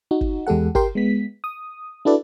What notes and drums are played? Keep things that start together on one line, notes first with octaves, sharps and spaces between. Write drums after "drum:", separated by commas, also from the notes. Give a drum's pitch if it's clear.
D#4 F#4
drum: kick
E2 G#3 G4 A4 F#5
G4 A#4 G5 C6, drum: kick
G#3 B3 B6
D#6
D4 E4 F#4 A4 B4 D5